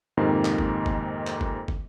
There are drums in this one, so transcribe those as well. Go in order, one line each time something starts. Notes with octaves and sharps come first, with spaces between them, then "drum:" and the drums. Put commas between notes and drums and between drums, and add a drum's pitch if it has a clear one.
F2 G#2 C3 D#3 A#3
drum: clap
drum: kick
drum: kick
drum: clap
drum: kick
drum: kick